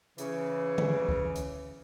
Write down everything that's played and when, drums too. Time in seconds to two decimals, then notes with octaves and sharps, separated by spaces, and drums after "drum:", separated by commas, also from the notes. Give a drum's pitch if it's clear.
0.18 C#3 E3, drum: hi-hat
0.78 drum: tom
1.09 drum: kick C#2
1.36 drum: hi-hat